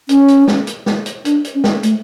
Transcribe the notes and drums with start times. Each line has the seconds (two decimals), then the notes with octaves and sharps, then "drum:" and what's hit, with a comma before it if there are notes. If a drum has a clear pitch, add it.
0.09 C#4, drum: hi-hat
0.28 drum: hi-hat
0.48 drum: snare
0.67 drum: hi-hat
0.86 drum: snare
1.06 drum: hi-hat
1.25 D4, drum: hi-hat
1.44 drum: hi-hat
1.55 C#4
1.64 drum: snare
1.83 A3, drum: hi-hat